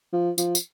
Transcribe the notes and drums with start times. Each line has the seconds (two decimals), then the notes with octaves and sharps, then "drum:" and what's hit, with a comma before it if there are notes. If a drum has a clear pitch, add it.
0.13 F3
0.38 F3, drum: tambourine
0.55 drum: tambourine